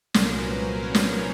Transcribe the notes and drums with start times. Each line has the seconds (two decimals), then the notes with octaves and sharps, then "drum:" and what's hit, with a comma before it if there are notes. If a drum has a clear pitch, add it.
0.14 C2 A#2 F#3 A#3 C#4 C5, drum: snare
0.26 A#4
0.37 B4
0.60 C5
0.82 C2 A#2 F#3 A#3 C#4 C#5
0.95 C#5, drum: snare
1.05 C5